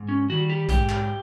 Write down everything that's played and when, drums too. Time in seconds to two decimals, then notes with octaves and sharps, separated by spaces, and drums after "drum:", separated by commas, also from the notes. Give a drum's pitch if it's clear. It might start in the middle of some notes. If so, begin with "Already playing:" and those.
Already playing: G#2
0.09 C#4
0.29 D#3 G3 F#4
0.49 G4
0.69 G#2 G4, drum: kick A#1, hi-hat
0.89 drum: clap